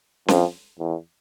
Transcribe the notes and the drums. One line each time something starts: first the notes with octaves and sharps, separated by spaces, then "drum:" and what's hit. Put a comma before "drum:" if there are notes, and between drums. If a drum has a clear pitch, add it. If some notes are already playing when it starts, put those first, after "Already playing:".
F2, drum: snare C#4
E2